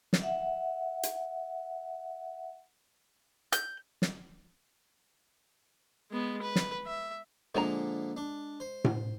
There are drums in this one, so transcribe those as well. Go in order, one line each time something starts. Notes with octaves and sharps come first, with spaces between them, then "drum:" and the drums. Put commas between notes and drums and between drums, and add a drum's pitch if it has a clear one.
drum: snare
E5 F#5
drum: hi-hat
G6, drum: hi-hat
drum: snare
G#3 B3
B4
drum: snare
E5
A#2 D3 F3 G#3 A#4 A#5
D4
C5
drum: tom A2